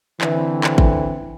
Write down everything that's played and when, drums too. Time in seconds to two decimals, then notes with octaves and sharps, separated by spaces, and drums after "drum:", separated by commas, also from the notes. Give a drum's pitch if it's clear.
0.21 D3 E3 C4, drum: clap
0.64 drum: clap
0.78 drum: kick G#1